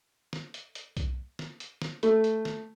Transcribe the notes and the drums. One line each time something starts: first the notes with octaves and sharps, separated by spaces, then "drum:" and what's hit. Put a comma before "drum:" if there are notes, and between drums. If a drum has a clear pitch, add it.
drum: snare
drum: hi-hat
drum: hi-hat
drum: kick B1, hi-hat
drum: snare
drum: hi-hat
drum: snare
A3, drum: hi-hat
drum: hi-hat
drum: snare